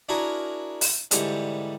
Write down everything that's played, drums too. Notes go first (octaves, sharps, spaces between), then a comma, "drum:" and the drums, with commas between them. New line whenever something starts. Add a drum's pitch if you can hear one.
D4 E4 F#4 G#4 A#4
drum: open hi-hat
G#2 D3 E3 G3 C4, drum: hi-hat